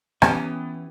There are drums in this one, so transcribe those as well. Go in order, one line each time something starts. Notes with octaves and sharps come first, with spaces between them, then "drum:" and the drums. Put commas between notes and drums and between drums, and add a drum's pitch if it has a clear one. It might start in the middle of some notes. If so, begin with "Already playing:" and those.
E3 B3 C#4 G4, drum: rim click